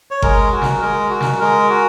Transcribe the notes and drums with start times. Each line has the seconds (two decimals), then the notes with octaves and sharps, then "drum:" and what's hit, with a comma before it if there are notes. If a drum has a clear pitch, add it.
0.11 C#5
0.22 G#3 A#4, drum: kick G1
0.52 F#4
0.62 drum: snare
0.81 G#3 A#4
1.10 F#4
1.20 drum: snare
1.40 G#3 A#4
1.70 F#4